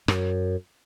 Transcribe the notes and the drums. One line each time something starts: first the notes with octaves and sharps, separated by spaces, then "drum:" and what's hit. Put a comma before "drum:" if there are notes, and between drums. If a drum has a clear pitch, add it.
F#2, drum: rim click